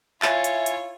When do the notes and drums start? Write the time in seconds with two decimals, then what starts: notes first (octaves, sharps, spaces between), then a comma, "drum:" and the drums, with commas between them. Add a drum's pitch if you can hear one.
0.22 E4 F4 C#5 E5 G#5 A6, drum: clap
0.44 drum: hi-hat
0.66 drum: hi-hat